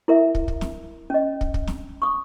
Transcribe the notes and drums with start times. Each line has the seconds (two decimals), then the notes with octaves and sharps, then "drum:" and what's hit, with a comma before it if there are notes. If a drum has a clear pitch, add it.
0.08 E4 A#4 E5
0.35 drum: kick
0.48 drum: kick
0.61 drum: snare
1.10 C#4 D#5
1.41 drum: kick
1.54 drum: kick
1.67 drum: snare
2.02 C#6 D#6